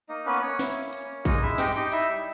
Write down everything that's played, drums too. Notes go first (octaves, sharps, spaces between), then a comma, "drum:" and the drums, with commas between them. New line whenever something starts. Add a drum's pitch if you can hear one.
A#3 D#4 D#5
B3 C#4 B4
A#3 C#4 C#5
E4, drum: snare
A#3
C#4, drum: hi-hat
A#3
G#3 D#4 D#5, drum: kick A1, hi-hat
G#3 E4 E5, drum: tom G2
D#4 G4 G5, drum: snare
D#4 G4 G5
D#4 E4 E5, drum: hi-hat
G3